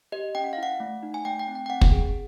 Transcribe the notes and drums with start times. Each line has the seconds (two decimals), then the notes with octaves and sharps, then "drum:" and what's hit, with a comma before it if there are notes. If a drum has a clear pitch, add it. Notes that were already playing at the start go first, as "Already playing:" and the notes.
0.12 G4 D#5
0.35 C#4 G5
0.44 F#5
0.53 E4 F5
0.63 F#5
0.80 A3
1.03 D#4
1.14 G#5
1.25 A3 G5
1.39 G5
1.48 C4
1.55 G5
1.66 G5
1.69 C4 F#5
1.81 drum: kick
1.92 G#4